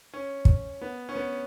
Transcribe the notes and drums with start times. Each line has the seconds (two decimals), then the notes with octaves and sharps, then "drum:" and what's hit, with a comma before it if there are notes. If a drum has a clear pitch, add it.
0.13 C#4
0.45 drum: kick
0.82 B3
1.09 C#4
1.16 B3